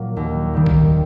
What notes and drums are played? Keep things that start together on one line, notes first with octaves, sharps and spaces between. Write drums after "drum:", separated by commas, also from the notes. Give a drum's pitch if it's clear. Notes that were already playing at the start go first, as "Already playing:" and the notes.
Already playing: A#2 F#3 A#3
D#2
D#3 G3
drum: kick